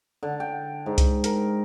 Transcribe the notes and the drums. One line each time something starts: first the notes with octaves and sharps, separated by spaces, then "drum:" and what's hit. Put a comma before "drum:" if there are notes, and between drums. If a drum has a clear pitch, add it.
D3
G5
G#2
drum: kick C2, hi-hat
A#4, drum: hi-hat